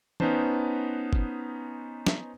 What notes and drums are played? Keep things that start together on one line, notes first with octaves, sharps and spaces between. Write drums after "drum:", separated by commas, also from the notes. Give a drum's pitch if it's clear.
B3 C#4 D#4 B4 C5 A5, drum: tom E3
drum: kick
drum: snare